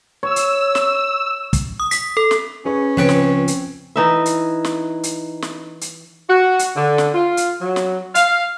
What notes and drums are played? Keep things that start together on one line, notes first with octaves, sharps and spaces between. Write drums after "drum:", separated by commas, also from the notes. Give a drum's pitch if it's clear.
C#5 E6
drum: hi-hat
drum: snare
drum: kick, hi-hat
D#6
B6, drum: hi-hat
A4
drum: snare
C#4 G#4 B4 C#6
C#2 F3 C4 B4 C#5 D7
drum: snare
drum: hi-hat
E3 D#4 E5
drum: hi-hat
drum: snare
drum: hi-hat
drum: snare
drum: hi-hat
F#4
drum: hi-hat
D3
drum: snare
F4
drum: hi-hat
F#3
drum: snare
F5, drum: hi-hat